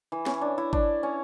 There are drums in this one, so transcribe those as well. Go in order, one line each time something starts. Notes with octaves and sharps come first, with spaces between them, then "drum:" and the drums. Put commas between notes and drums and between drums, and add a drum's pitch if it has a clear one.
E3
C#4, drum: snare
D4
E4
D4, drum: kick G#1
C#4